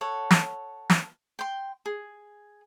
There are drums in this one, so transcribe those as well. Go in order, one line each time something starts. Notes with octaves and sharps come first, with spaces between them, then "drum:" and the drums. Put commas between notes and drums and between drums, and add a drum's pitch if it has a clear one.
A4 C#5 F#5
drum: snare
drum: snare
G5 C6
G#4